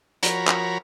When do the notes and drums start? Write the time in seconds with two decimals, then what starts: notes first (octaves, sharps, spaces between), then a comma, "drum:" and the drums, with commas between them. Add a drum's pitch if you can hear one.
0.23 F3 F#4 A#4 C#5 A#5 B5, drum: hi-hat
0.48 drum: clap